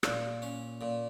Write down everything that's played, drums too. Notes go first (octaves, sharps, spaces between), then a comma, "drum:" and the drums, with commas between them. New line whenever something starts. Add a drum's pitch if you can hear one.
A#2, drum: rim click
C#4
A#2